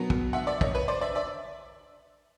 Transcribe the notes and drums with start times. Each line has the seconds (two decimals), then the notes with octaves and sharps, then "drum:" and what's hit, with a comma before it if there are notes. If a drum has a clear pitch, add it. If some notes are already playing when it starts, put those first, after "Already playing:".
Already playing: B2 F#3 B3
0.10 drum: kick
0.33 E5 F#5
0.47 D5 E5
0.61 C#5 D#5, drum: kick
0.75 B4 C#5
0.88 C5 D5
1.01 D5 E5
1.15 D5 E5